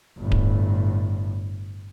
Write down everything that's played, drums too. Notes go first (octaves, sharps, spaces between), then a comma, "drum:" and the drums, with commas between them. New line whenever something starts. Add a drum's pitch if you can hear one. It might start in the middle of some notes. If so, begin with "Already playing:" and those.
G1 A2
drum: kick D1